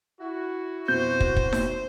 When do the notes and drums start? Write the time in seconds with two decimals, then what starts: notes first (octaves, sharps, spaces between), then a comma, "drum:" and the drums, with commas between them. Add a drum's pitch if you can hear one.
0.20 E4 F#4
0.88 F2 B2 C5 G6
1.20 drum: kick
1.36 drum: kick
1.53 drum: snare D#4